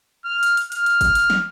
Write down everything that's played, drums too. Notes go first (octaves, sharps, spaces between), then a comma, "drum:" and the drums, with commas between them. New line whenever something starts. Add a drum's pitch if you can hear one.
F6
drum: hi-hat
drum: hi-hat
F6, drum: hi-hat
drum: hi-hat
drum: kick, hi-hat
drum: hi-hat
drum: snare